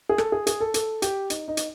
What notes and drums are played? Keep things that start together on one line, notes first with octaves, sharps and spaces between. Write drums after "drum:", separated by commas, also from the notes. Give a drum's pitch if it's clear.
G#4
A4, drum: rim click
G#4
G#4, drum: hi-hat
A4
A4, drum: hi-hat
G4, drum: hi-hat
D#4, drum: hi-hat
D#4
drum: hi-hat